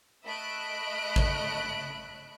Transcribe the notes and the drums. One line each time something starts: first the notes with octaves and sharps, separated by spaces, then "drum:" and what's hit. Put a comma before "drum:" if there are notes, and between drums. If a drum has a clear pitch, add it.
A3 D#5 E5 B5 F#6 D7
drum: kick